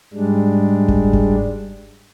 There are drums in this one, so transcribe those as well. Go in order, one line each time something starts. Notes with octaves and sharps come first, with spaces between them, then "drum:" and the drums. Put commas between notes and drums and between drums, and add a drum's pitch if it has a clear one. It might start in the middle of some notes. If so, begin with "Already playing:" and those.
G#2 G3 G#3 D4
drum: kick F#1
drum: kick F#1